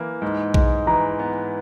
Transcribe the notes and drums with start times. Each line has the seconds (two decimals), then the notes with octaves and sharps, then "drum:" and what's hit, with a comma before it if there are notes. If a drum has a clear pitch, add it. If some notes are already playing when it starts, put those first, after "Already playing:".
Already playing: E3 A#3
0.22 G#2
0.54 G#3, drum: kick A#1
0.87 E3 A#5
1.19 B3